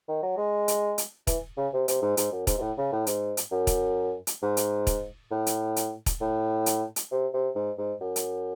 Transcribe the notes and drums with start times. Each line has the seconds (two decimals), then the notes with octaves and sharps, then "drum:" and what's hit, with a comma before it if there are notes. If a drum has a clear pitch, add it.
0.08 D#3
0.23 F#3
0.37 G#3
0.68 drum: hi-hat
0.98 drum: hi-hat
1.27 E3, drum: kick, hi-hat
1.58 C#3
1.73 C3
1.88 C3, drum: hi-hat
2.02 G#2
2.17 G#2, drum: hi-hat
2.32 F#2
2.47 G#2, drum: kick, hi-hat
2.58 C3
2.62 A2
2.78 C#3
2.93 A2
3.07 G#2, drum: hi-hat
3.37 drum: hi-hat
3.52 F#2
3.67 drum: kick, hi-hat
4.27 drum: hi-hat
4.42 G#2
4.57 drum: hi-hat
4.87 drum: kick, hi-hat
5.31 A2
5.47 drum: hi-hat
5.76 drum: hi-hat
6.06 drum: kick, hi-hat
6.21 A2
6.66 drum: hi-hat
6.96 drum: hi-hat
7.12 C3
7.34 C3
7.56 G#2
7.78 G#2
8.01 F#2
8.16 drum: hi-hat